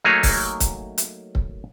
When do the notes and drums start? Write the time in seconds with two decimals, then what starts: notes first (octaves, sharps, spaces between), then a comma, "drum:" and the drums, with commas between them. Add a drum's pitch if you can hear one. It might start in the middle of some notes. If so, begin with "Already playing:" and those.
0.04 F#3 A3 A#3 D#4 G#4 C#5
0.23 drum: kick C#1, open hi-hat
0.60 drum: kick C#1, hi-hat
0.98 drum: hi-hat
1.35 drum: kick C#1